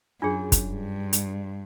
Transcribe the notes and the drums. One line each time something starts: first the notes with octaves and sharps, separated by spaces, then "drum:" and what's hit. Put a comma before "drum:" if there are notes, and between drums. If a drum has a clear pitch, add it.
F#2 D4 F4 G#4 C#5
drum: kick, hi-hat
G2
drum: hi-hat